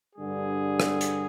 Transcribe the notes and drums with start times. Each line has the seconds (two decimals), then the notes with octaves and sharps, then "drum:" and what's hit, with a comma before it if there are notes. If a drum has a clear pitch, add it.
0.16 G2 D3 G3 G#4
0.80 drum: rim click
1.01 drum: hi-hat